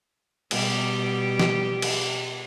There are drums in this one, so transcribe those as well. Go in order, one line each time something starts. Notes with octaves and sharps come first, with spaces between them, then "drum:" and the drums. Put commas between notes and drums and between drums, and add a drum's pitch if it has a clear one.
B2 G3 G4, drum: cymbal
drum: snare
drum: cymbal